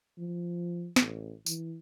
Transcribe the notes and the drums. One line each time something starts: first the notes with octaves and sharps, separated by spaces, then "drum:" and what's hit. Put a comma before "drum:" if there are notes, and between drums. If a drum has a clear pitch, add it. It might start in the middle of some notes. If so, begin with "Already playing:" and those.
F3
A1, drum: snare
E3, drum: tambourine